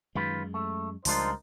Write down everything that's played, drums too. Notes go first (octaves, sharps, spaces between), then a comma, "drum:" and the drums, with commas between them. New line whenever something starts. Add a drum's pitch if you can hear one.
F#2 D#3 G#3 F4 B4
A3
C#2 F3 G3 D4 D#4 F4 A#4 C5, drum: open hi-hat